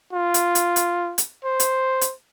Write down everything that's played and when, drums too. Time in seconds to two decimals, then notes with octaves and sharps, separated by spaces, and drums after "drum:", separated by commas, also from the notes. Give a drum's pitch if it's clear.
0.13 F4
0.34 drum: hi-hat
0.55 drum: hi-hat
0.76 drum: hi-hat
1.18 drum: hi-hat
1.44 C5
1.60 drum: hi-hat
2.01 drum: hi-hat